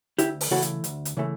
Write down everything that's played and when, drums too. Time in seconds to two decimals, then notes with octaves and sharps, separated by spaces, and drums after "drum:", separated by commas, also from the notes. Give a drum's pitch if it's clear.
0.19 D2 E4 G4, drum: hi-hat
0.41 drum: open hi-hat
0.51 C#3 E3 A3 F#4 A4
0.62 drum: hi-hat
0.84 D2, drum: hi-hat
1.05 drum: hi-hat
1.17 C#3 E3 A3